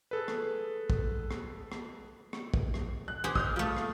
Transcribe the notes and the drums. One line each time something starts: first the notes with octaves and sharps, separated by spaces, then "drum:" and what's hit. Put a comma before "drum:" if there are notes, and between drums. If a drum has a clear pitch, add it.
G#4 A4 B4
drum: rim click
drum: kick
drum: rim click
drum: rim click
drum: rim click
drum: kick
drum: rim click
F#6
G4 G#4 C5
D#6 F6 G6, drum: kick
G3 A3 F4
drum: rim click